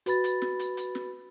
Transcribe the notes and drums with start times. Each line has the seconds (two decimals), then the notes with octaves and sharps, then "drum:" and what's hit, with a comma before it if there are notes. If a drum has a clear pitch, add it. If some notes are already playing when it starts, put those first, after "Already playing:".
0.06 F#4 B4 B5 A6, drum: hi-hat
0.24 drum: hi-hat
0.42 drum: snare
0.59 drum: hi-hat
0.77 drum: hi-hat
0.95 drum: snare